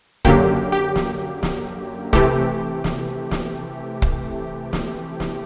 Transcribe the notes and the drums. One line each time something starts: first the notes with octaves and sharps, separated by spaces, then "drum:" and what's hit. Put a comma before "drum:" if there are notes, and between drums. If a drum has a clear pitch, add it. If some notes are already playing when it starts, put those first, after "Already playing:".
F#2 D3 F#3 A#3 G4, drum: kick
G4
drum: snare
drum: snare
C3 E3 A3 G4, drum: kick
drum: snare
drum: snare
drum: kick
drum: snare
drum: snare